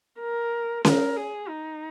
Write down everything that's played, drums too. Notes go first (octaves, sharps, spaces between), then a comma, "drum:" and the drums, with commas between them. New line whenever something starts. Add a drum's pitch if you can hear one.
A#4
A#4, drum: snare C#4
G#4
D#4